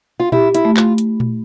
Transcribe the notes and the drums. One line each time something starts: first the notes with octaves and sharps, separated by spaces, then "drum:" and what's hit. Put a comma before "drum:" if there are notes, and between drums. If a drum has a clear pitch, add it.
F4
E4 G4, drum: tom A#2
E4, drum: hi-hat
A3
F4, drum: clap
drum: hi-hat
drum: tom A#2